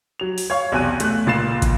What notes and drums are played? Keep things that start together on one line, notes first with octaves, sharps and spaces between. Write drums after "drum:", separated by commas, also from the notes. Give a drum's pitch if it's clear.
F#3 F7
drum: open hi-hat
C#5 F5 C#6
B1 E2 C3 G#5 F#6 D#7
A3 F#6, drum: hi-hat
C#2 A#2 A6 C7 E7
drum: kick, hi-hat